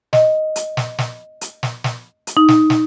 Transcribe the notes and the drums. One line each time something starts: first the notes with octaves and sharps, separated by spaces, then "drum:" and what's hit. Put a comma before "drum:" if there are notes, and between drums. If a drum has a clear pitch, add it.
D#5, drum: snare
drum: hi-hat
drum: snare
drum: snare
drum: hi-hat
drum: snare
drum: snare
drum: hi-hat
D#4
drum: snare
drum: snare